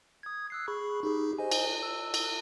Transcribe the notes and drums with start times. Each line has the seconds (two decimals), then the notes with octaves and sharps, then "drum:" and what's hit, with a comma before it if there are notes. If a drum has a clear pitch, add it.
0.23 D#6 G#6
0.50 E6 F#6 C7
0.68 G#4 B5 C#6
1.03 D#4 G4 G#4
1.38 C5 D#5 G#5
1.52 drum: cymbal
1.83 E6
2.14 drum: cymbal